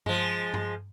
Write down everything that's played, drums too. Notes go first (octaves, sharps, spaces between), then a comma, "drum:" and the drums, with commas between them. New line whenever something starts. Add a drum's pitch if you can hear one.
F3 G#3, drum: tom G2
drum: tom G2